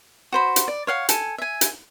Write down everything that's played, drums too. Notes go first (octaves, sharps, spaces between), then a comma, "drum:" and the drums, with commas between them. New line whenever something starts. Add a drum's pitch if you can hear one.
F#4 C5 B5
drum: hi-hat
D5
C#5 F5 F#5
A4 G#5, drum: hi-hat
E5 G#5
drum: hi-hat